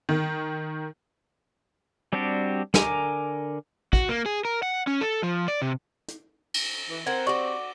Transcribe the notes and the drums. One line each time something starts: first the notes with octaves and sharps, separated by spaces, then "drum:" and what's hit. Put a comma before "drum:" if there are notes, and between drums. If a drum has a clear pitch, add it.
D#3
G3 C4 D4 F#4 G4
D3 A#4 G#5 A#5 D6, drum: snare
F#4, drum: kick
A#3
G#4
A#4
F#5
C#4
A4
F3
D5
C3
drum: hi-hat
drum: cymbal
E3
C4 A#4 C5 F#5 G#6
F#4 G4 D5 C#6